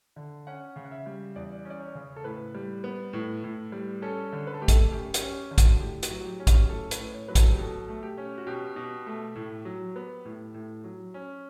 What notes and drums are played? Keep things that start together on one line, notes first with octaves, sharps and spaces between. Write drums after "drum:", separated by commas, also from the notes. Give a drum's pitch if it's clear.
D3
C#4 F#5
C#3
F#5
E5
G3
E2 D5
C#4
D5
C#5
C#3
A4
A2 B4
G3
B3
A2
A2
G3
C#4 A4
D3
B4
A4
A3 G4
A4, drum: kick A#1, hi-hat
F#2 G4
G4, drum: hi-hat
C#4
D3
F#4, drum: kick A#1, hi-hat
A2 G4
F#4, drum: hi-hat
F#3
F#4
G4
C#4
G4, drum: kick A#1, hi-hat
A2 A4
B4, drum: hi-hat
A2
C#5
F#3 B4
A4, drum: kick A#1, hi-hat
G4
B2 A4
A3
G4
C#4
F#4
B2 G4
B2
A3
A2
F#3
B3
A2
A2
F#3
C#4